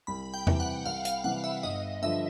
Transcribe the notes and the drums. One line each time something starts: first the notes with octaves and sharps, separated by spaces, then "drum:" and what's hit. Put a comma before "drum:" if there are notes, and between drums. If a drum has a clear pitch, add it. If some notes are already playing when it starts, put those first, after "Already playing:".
C2 B5
G5
C3 E3 G3, drum: tom E2
F#5
C2 F5
F5, drum: hi-hat
C3 E3 G3 F#5
E5
G1 D#5
G2 D3 F3 E5